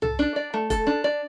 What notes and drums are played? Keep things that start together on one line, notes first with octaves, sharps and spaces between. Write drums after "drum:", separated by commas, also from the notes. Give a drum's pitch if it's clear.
A4, drum: tom C2
D4
D5
A3
A4, drum: kick E1, hi-hat
D4
D5